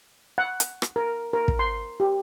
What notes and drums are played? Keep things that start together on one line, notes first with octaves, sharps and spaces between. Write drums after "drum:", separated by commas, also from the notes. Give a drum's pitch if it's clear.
F#5
drum: hi-hat
drum: rim click
A#4
A#4
drum: kick
C6
G4